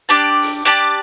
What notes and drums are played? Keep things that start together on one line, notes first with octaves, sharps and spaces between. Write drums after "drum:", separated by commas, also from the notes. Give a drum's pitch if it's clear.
D4 G4 D5 A5
drum: open hi-hat
D4 G4 D5 A5